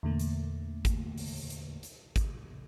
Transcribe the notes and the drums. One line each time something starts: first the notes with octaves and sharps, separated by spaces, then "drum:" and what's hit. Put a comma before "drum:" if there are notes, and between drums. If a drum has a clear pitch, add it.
E2 A#2 D3 A3 A#3
drum: hi-hat
drum: kick G#1, hi-hat
drum: open hi-hat
drum: hi-hat
drum: hi-hat
drum: kick G#1, hi-hat